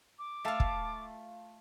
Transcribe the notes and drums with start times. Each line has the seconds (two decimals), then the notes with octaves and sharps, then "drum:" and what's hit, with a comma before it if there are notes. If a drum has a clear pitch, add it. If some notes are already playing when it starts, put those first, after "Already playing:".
0.19 D6
0.45 A3 F4 E5 F5 A5
0.60 drum: kick